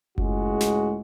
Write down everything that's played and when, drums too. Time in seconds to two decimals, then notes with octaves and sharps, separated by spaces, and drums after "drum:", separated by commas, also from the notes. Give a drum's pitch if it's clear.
0.18 C#2 A2 G#3 F#4, drum: kick F#1
0.61 drum: snare